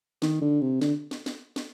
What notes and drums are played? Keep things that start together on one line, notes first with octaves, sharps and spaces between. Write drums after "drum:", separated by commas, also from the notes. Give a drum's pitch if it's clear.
D#3, drum: snare
D3
C3
D3, drum: snare
drum: snare
drum: snare
drum: snare